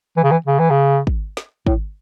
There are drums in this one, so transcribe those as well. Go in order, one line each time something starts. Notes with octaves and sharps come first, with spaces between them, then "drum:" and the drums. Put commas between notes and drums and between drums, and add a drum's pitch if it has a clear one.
E3
C#3
E3
C#3
E3
C#3
drum: kick
drum: snare
A2, drum: kick